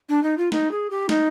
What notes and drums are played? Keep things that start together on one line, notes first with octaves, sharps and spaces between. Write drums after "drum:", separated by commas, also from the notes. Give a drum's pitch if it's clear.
D4
D#4
F4
D#4, drum: snare
G#4
G4
D#4, drum: snare